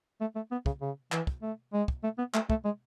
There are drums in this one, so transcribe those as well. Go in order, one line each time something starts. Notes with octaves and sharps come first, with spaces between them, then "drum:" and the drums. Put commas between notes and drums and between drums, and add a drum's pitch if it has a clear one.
A3
A3
B3
C#3, drum: kick
C#3
E3, drum: clap
drum: kick
A3
G#3
drum: kick
A3
B3
A3, drum: clap
A3, drum: kick
G#3